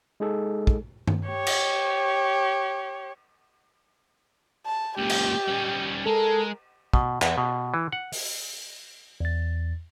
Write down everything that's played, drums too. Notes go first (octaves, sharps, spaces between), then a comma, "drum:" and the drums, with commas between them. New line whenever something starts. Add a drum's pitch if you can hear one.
G#3 D#4 G#4 A4
drum: kick
drum: tom G2
G4 C#5
drum: cymbal
A5
C#2 A#2 G4
drum: cymbal
G3 C#4
G#3 A4 A#4
B2, drum: kick
E2, drum: clap
B2
E3
F#5
drum: open hi-hat
E2 A6